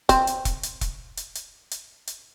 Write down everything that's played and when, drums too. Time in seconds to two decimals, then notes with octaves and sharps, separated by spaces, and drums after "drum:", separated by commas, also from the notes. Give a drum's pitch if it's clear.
0.09 C4, drum: kick E1, hi-hat
0.27 drum: hi-hat
0.45 drum: kick E1, hi-hat
0.63 drum: hi-hat
0.81 drum: kick E1, hi-hat
1.17 drum: hi-hat
1.35 drum: hi-hat
1.71 drum: hi-hat
2.07 drum: hi-hat